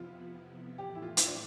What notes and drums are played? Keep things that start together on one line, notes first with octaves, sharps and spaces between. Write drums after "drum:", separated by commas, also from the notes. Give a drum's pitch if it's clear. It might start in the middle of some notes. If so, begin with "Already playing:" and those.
Already playing: F2 C3 F3 B3 E4 F4
A2 E3 A3 G4
E4
F4
E4, drum: hi-hat
D4